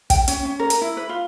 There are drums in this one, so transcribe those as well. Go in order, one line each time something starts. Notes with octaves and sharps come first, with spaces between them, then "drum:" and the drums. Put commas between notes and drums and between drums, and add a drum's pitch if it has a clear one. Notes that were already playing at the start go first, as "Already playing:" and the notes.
G5, drum: kick, hi-hat
C#4, drum: hi-hat
C#4
A#4
drum: hi-hat
E4
B4
F4